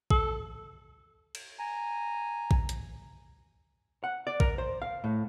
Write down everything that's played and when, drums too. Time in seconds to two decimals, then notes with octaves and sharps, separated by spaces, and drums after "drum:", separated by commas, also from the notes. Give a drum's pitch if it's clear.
0.10 A4, drum: kick A#1
1.35 drum: cymbal
1.59 G#5 A#5
2.51 drum: kick A#1
2.69 drum: hi-hat
4.04 F#5
4.27 D5
4.40 A#4, drum: kick A#1
4.58 C5
4.82 F5
5.04 A2